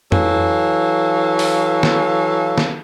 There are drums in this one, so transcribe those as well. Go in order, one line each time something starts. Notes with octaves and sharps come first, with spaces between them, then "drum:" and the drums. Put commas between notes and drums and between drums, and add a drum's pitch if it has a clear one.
E3 F#3 A4 F5, drum: tom F2
drum: open hi-hat
drum: snare
drum: snare